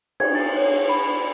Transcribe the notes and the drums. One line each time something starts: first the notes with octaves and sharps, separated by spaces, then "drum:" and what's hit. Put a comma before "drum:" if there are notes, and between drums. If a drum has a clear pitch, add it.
G#6, drum: cymbal
A6
C#5
B5